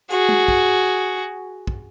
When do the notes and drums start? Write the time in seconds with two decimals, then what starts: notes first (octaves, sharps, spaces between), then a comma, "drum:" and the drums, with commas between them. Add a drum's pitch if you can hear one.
0.10 F#4 G#4, drum: hi-hat
0.29 drum: tom
0.48 drum: kick
1.67 drum: kick